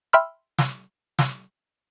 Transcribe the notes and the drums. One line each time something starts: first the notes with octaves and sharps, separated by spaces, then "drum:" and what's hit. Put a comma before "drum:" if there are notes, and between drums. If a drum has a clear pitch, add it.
E5 G5 B5 C6 E6 F6
drum: snare
drum: snare